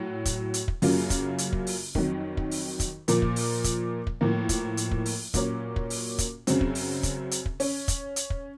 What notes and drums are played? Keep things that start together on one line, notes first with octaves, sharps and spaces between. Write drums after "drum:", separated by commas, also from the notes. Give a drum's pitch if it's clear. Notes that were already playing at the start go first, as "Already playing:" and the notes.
Already playing: A2 F#3
drum: kick, hi-hat
drum: hi-hat
drum: kick
F#2 C#3 F#3 A#3 F4, drum: open hi-hat
drum: kick, hi-hat
drum: hi-hat
drum: kick
drum: open hi-hat
F2 D#3 F#3, drum: kick
drum: kick
drum: open hi-hat
drum: kick, hi-hat
A#2 F3 A#3, drum: hi-hat
drum: kick
drum: open hi-hat
drum: kick, hi-hat
drum: kick
A2 F3 A#3
drum: kick, hi-hat
drum: hi-hat
drum: kick
drum: open hi-hat
A#2 F#3 A#3 C#4, drum: kick, hi-hat
drum: kick
drum: open hi-hat
drum: kick, hi-hat
F#2 C#3 F#3 C4, drum: hi-hat
drum: kick
drum: open hi-hat
drum: kick, hi-hat
drum: hi-hat
drum: kick
C#4, drum: open hi-hat
drum: kick, hi-hat
drum: hi-hat
drum: kick